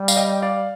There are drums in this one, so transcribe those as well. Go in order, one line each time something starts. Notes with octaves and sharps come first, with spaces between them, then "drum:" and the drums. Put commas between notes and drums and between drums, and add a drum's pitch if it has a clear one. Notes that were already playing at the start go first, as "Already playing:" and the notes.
Already playing: G3
F5, drum: tambourine
D#5 G5
D5 F5